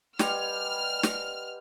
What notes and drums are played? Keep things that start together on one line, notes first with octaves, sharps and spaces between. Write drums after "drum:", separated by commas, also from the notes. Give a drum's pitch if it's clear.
G3 B4 D#5 F#5 G#5 C6 F6, drum: snare
drum: snare